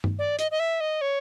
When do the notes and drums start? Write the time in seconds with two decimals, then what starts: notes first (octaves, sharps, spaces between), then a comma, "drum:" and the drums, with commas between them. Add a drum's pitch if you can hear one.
0.04 drum: tom G2
0.19 D5
0.39 D#5, drum: hi-hat
0.51 D#5
0.60 E5
0.80 D#5
1.01 C#5